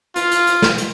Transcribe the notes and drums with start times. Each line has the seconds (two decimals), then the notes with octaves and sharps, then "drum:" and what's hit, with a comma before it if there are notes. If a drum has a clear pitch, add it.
0.16 F4, drum: hi-hat
0.31 drum: hi-hat
0.47 drum: hi-hat
0.62 drum: snare
0.78 drum: hi-hat